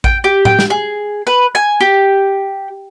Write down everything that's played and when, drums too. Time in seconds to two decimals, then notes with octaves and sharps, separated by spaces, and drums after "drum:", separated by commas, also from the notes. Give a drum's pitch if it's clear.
0.04 G5, drum: kick A1
0.24 G4
0.45 G5, drum: tom A2
0.59 drum: snare
0.70 G#4
1.27 B4
1.55 G#5
1.80 G4